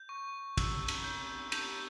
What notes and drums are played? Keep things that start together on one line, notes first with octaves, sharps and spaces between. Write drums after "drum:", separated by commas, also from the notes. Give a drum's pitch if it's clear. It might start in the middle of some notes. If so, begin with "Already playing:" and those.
Already playing: G6
C#6
E6, drum: kick, cymbal
drum: cymbal
G6
G6, drum: cymbal